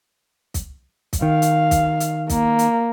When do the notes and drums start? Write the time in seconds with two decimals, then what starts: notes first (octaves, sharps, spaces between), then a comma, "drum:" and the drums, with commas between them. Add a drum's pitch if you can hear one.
0.54 drum: kick, hi-hat
1.13 drum: kick, hi-hat
1.22 D#3 F5
1.42 drum: hi-hat
1.71 drum: kick, hi-hat
2.00 drum: hi-hat
2.29 A#3, drum: kick, hi-hat
2.59 drum: hi-hat